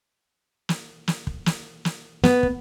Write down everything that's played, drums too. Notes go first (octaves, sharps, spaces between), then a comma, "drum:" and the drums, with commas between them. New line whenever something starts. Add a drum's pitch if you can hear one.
drum: snare
drum: snare
drum: kick
drum: snare
drum: snare
B3, drum: snare
drum: kick